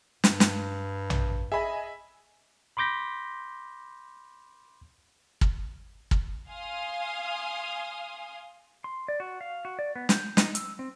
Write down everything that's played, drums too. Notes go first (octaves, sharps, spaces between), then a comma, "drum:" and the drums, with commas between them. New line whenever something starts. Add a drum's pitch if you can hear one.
G2, drum: snare
drum: snare
drum: tom A#1
G#4 D#5 E5 G#5 B5
B5 C6 D6 G6 A#6 B6
drum: kick
drum: kick
F5 G#5 C6 D#6 F6
C6
D5
F#4
F5
F#4
D5
B3
G6, drum: snare
D#4, drum: snare
E6, drum: hi-hat
C4